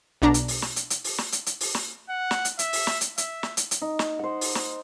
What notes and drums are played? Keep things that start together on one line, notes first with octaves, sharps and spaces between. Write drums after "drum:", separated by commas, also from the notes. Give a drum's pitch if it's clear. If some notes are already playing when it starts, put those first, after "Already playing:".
B1 B2 D4 A#5
drum: hi-hat
drum: open hi-hat
drum: snare
drum: hi-hat
drum: hi-hat
drum: open hi-hat
drum: snare
drum: hi-hat
drum: hi-hat
drum: open hi-hat
drum: snare
F#5
drum: snare
drum: hi-hat
E5, drum: hi-hat
drum: open hi-hat
drum: snare
drum: hi-hat
E5, drum: hi-hat
drum: snare
drum: hi-hat
drum: hi-hat
D#4
drum: snare
C5 F#5
drum: open hi-hat
drum: snare